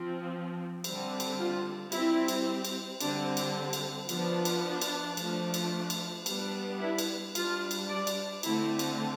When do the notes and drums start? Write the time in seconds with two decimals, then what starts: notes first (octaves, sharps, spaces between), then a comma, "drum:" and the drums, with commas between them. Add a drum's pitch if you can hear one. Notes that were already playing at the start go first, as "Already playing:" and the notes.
Already playing: F3 C4
0.84 D3 G3 C4, drum: cymbal
1.20 drum: cymbal
1.38 F4
1.92 G3 C4 E4, drum: cymbal
2.28 drum: cymbal
2.65 drum: cymbal
3.00 D3 G3 C4 D4, drum: cymbal
3.37 drum: cymbal
3.73 drum: cymbal
4.09 F3 B3 D4, drum: cymbal
4.45 drum: cymbal
4.63 D4
4.81 drum: cymbal
5.17 F3 A3 D4, drum: cymbal
5.54 drum: cymbal
5.90 drum: cymbal
6.26 G3 B3 D4, drum: cymbal
6.80 E4
6.98 drum: cymbal
7.35 G3 D4 F4, drum: cymbal
7.71 drum: cymbal
7.88 D5
8.07 drum: cymbal
8.43 D3 A3 C4 E4, drum: cymbal
8.79 drum: cymbal